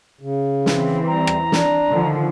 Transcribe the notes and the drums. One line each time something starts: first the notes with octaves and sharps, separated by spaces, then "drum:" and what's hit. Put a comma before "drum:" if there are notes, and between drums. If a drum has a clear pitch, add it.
C#3
E3 C4, drum: snare
G3 A#5
drum: rim click
D4, drum: snare
D3 D#3 F3